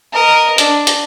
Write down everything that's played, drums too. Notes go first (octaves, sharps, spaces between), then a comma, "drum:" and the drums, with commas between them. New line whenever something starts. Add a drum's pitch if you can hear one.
A#4 D#5
D4, drum: hi-hat
drum: hi-hat